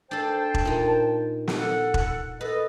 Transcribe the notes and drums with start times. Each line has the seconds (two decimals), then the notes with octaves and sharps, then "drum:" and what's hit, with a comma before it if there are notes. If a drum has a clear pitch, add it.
0.11 D4 A4 C5 G5 A5
0.54 drum: kick E1
0.65 A#2 D#4
1.48 drum: snare
1.59 A4 F#5
1.94 drum: kick E1
2.41 A4 B4 D#5